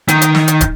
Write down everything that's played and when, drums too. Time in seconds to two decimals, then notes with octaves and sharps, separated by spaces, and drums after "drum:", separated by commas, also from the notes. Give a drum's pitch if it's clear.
0.08 D#3, drum: hi-hat
0.22 drum: hi-hat
0.35 drum: snare
0.48 drum: hi-hat
0.61 drum: kick, hi-hat